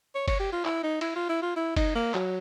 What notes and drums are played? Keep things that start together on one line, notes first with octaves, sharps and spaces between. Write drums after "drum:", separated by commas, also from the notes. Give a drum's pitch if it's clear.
C#5
C#5, drum: kick F#1, cymbal
G4
F4
E4, drum: clap
D#4
E4, drum: cymbal
F4
E4
F4
E4
D#4, drum: kick F#1, cymbal
A#3
F#3, drum: clap